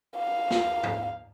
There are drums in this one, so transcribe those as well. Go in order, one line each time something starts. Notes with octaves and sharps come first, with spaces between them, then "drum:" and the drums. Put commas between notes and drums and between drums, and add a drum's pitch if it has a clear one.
F5
drum: snare
drum: tom G#2